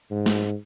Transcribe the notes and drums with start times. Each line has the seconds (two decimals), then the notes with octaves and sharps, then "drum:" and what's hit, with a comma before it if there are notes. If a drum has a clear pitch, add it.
0.11 G#2
0.26 drum: snare